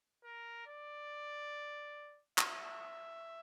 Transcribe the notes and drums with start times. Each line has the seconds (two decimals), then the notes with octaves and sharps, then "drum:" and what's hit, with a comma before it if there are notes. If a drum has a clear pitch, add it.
0.24 A#4
0.67 D5
2.38 E5, drum: clap